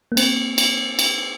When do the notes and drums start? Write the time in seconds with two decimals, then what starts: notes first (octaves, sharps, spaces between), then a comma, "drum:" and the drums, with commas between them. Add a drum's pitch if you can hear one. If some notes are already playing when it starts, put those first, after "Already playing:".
0.12 A#3
0.17 C4, drum: cymbal
0.58 drum: cymbal
0.99 drum: cymbal